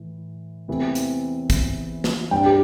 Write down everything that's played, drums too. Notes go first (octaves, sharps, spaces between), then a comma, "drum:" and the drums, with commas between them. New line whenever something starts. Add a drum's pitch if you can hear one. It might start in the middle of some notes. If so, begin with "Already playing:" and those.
Already playing: A2 E3
E2 C3 E3 A3 C4
drum: hi-hat
drum: kick, hi-hat
drum: snare
G2 G3 D4 G5
G4